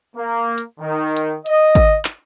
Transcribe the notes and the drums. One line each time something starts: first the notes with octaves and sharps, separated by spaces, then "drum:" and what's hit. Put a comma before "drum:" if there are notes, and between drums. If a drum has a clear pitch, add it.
A#3
drum: hi-hat
D#3
drum: hi-hat
D#5, drum: hi-hat
drum: kick G#1, hi-hat
drum: clap